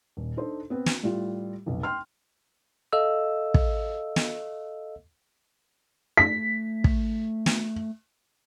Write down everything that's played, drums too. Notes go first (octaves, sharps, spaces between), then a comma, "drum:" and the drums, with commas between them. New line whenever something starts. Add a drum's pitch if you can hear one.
D#1
D4 D#4 A4 C5
B3 C4 B4
drum: snare
A2 G3 E4 F4
F1 B1
G5 C6 F6
A4 D#5 F5 E6
drum: kick
drum: snare
A3 B6
drum: kick
drum: snare